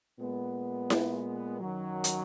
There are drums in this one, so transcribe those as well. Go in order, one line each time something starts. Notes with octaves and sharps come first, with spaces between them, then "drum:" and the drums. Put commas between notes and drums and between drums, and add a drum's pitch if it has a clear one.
A#2 G#3 B3
drum: snare E4
F#2 D#3 F#3
drum: hi-hat